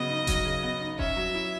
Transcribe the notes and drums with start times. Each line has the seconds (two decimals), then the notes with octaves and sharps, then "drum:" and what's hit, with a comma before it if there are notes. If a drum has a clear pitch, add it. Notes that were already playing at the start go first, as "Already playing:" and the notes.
Already playing: C#3 F#3 B3 D#5
0.10 D#4
0.27 F#3, drum: kick E1, hi-hat
0.45 C#3
0.63 B3
0.81 D#4
0.99 C#4 E5, drum: kick E1
1.17 F#3
1.35 E4